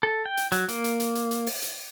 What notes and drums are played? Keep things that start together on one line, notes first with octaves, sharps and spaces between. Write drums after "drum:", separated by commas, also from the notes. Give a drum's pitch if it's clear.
A4
G5
drum: hi-hat
F#3, drum: hi-hat
A#3, drum: hi-hat
drum: hi-hat
drum: hi-hat
drum: hi-hat
drum: hi-hat
drum: open hi-hat
drum: hi-hat